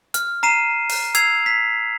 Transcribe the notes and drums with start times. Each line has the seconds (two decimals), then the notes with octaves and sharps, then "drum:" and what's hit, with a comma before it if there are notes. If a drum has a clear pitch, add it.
0.14 F6, drum: hi-hat
0.43 A#5 C7 D#7 E7
0.89 drum: open hi-hat
1.15 E6 G#6 C7 F7, drum: hi-hat
1.46 B6